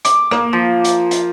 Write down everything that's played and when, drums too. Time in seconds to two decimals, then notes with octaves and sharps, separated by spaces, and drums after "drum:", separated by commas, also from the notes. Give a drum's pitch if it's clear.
0.05 D6, drum: hi-hat
0.31 A#3, drum: rim click
0.53 F3
0.85 drum: hi-hat
1.11 drum: hi-hat